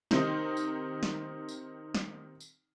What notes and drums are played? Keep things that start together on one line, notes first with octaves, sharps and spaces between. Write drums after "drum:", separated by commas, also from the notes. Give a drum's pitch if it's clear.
C3 D#3 C4 D#4, drum: snare
drum: tambourine
drum: snare
drum: tambourine
drum: snare
drum: tambourine